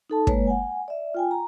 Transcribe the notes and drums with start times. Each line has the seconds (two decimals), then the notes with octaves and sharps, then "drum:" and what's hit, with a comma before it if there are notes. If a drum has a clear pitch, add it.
0.10 D#4 A4 A5
0.27 G#3 A#3 B4 C#5, drum: kick
0.47 F#5 G#5
0.88 D5 E5
1.14 F4 G5 G#5
1.31 A#5